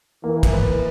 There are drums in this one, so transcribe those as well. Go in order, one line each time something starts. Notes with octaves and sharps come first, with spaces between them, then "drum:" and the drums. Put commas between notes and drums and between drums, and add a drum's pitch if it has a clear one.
E3 A#3
drum: kick, cymbal
B4